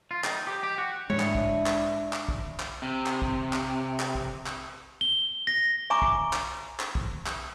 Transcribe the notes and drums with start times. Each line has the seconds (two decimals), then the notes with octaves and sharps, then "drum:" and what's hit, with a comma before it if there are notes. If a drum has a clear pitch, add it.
0.11 F4
0.24 D#4, drum: clap
0.47 G4
0.63 G4
0.78 F#4
1.10 G#2 E3 G#3 D4 E4 C#5
1.20 drum: clap
1.35 drum: kick
1.66 drum: clap
2.13 drum: clap
2.29 drum: kick
2.60 drum: clap
2.82 C3
3.06 drum: clap
3.22 drum: kick
3.53 drum: clap
4.00 drum: clap
4.15 drum: kick
4.46 drum: clap
5.01 G7
5.47 A#6
5.90 E5 G#5 A#5 C#6 D6
6.02 drum: kick
6.33 drum: clap
6.80 drum: clap
6.95 drum: kick
7.26 drum: clap